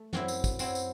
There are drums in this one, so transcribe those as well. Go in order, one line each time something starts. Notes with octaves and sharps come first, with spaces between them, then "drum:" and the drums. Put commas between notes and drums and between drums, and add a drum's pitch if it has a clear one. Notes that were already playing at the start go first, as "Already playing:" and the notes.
Already playing: A3
F#2 F#3 C4 E4, drum: snare
drum: tambourine
drum: kick, tambourine
F#3 C4 E4, drum: tambourine
drum: tambourine